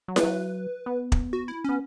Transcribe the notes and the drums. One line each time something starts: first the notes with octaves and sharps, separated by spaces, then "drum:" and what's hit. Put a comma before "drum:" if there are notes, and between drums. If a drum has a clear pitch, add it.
F#3
B4, drum: snare E4
F#3
B3
drum: kick
F#4
E4
B3 C#4